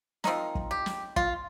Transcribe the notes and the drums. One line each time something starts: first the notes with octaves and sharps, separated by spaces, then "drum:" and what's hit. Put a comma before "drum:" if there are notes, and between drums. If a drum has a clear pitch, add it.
F3 C4 D#4 A#4, drum: snare
drum: kick
G4
drum: snare
F4, drum: kick